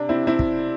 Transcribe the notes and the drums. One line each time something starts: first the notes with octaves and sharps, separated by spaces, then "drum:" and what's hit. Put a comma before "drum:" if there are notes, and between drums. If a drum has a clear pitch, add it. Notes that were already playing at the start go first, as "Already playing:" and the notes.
Already playing: C3 D4
C4 E4
C4 E4
drum: kick